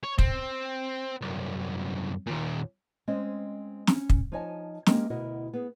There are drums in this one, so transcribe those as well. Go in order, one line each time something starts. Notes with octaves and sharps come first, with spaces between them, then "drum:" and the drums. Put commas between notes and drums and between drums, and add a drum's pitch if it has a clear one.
C#5
C4, drum: kick
C2 F#2
D#2 A#2
G#3 C4 C#4 D#5
C#4, drum: snare
drum: kick
F3 D#4 C#5 D#5 G#5 A5
G#3 A#3 C#4 G4 A#4 G5, drum: snare
D2 B2 E4 F#4 A#4 D#5
B3 G#4